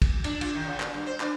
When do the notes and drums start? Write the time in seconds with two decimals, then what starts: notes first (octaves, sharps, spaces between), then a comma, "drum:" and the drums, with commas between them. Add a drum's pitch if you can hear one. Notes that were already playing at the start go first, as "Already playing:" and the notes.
0.02 drum: kick, cymbal
0.24 D4, drum: cymbal
0.41 F4, drum: cymbal
0.54 D#3
0.67 C#3
0.80 A#2, drum: clap
0.94 G2
1.06 C5
1.20 D4, drum: clap